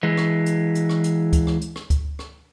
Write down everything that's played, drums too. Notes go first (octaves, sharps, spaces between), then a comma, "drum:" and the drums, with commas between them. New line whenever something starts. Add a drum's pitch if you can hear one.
E3 G#3
drum: rim click
drum: hi-hat
drum: hi-hat
drum: rim click
drum: hi-hat
drum: kick D2, hi-hat
drum: rim click
drum: hi-hat
drum: rim click
drum: kick D2, hi-hat
drum: rim click